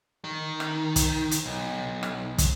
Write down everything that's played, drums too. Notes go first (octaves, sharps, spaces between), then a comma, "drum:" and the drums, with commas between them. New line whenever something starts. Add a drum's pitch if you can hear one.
D#3
drum: rim click
drum: kick, hi-hat
drum: hi-hat
B1
drum: rim click
drum: kick, hi-hat